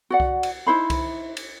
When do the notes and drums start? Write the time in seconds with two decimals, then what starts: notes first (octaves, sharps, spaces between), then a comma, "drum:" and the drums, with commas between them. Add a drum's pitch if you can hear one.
0.10 F#4 D5 F#5
0.20 drum: kick C2
0.43 drum: cymbal
0.67 D#4 E4 C5 B5
0.90 drum: kick C2, cymbal
1.37 drum: cymbal